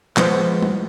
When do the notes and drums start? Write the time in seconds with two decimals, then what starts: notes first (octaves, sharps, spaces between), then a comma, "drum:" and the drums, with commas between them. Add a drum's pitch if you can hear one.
0.17 F3 G#3 B3 C5, drum: clap
0.63 drum: tom G3